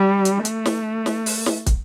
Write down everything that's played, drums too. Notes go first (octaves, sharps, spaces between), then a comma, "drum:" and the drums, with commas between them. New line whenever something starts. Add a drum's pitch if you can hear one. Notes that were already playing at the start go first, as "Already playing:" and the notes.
Already playing: G3
drum: hi-hat
A3, drum: hi-hat
drum: snare
drum: snare
drum: open hi-hat
drum: snare
drum: kick, hi-hat